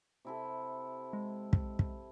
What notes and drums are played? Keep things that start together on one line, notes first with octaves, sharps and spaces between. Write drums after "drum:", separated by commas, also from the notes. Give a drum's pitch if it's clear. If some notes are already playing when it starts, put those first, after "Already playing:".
C3 E4 A4
G#3
drum: kick
drum: kick